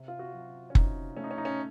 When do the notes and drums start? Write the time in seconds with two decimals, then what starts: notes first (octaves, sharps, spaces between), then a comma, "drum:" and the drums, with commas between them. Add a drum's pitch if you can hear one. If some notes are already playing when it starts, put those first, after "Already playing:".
Already playing: C3
0.08 F4
0.19 F#4
0.33 F#3
0.70 C#4
0.75 C3 D#4, drum: kick
1.17 A3 C#4
1.24 D#4
1.31 C#4
1.38 D#4
1.45 C#4